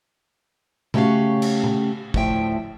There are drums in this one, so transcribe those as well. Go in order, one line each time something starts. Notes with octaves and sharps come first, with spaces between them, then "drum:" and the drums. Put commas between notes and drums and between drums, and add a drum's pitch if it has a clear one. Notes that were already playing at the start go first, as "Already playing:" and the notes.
C#3 A3 C#4 F#4 G4 F5, drum: tom A#2
drum: cymbal
drum: tom A#2
D2 A2 F3 E5 G5, drum: kick